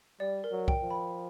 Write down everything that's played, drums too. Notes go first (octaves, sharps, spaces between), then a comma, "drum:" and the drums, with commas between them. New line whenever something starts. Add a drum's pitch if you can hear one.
G3 D5
A#4
F#3
G5, drum: kick
F3
B5